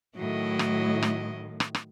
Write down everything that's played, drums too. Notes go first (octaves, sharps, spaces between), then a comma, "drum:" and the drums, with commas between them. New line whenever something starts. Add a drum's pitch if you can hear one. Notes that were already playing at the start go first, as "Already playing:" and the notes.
A2 D#3 F#3 E4 D#5
drum: rim click
drum: rim click
drum: rim click
drum: rim click